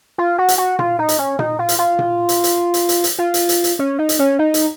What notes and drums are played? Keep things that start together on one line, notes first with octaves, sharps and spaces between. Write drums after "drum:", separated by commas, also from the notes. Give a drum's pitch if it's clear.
F4
F#4
drum: hi-hat
F#4
F4, drum: tom A#2
D#4
drum: hi-hat
C#4
D#4, drum: tom A#2
F4
drum: hi-hat
F4
drum: tom A#2
drum: hi-hat
drum: hi-hat
drum: hi-hat
drum: hi-hat
drum: hi-hat
F4
drum: hi-hat
drum: hi-hat
drum: hi-hat
C#4
D#4
drum: hi-hat
C#4
D#4
drum: hi-hat